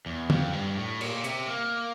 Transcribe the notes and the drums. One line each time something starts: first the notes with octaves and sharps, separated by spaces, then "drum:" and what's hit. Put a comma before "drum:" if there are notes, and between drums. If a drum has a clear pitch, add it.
E2
F2, drum: tom
G2
A2
A#2, drum: cymbal
C3, drum: hi-hat
A#3